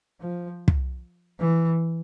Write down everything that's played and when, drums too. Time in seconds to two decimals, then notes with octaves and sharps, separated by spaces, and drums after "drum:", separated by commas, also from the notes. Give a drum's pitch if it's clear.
0.20 F3
0.68 drum: kick
1.39 E3